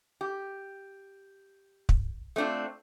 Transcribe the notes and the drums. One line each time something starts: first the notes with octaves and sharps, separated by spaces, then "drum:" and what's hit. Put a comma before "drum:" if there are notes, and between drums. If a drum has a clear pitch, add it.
G4
drum: kick
A3 C4 D4 F4